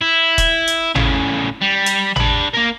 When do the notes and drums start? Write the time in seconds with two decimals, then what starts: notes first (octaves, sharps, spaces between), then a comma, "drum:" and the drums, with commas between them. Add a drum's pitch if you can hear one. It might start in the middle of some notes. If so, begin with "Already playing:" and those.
0.02 E4
0.38 drum: kick E1, hi-hat
0.68 drum: hi-hat
0.95 A2 C#3, drum: tom G#1
1.62 G3
1.86 drum: hi-hat
2.16 D4 B5, drum: tom G#1
2.54 A#3 A#4